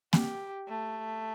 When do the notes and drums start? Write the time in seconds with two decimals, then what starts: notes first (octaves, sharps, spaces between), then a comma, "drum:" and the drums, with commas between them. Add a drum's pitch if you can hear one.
0.13 G4, drum: snare A#3
0.68 A3